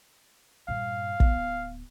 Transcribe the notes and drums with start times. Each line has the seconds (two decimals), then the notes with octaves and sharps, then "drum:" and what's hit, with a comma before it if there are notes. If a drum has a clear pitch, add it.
0.68 G2 A#2 F5
1.20 D1 B3, drum: kick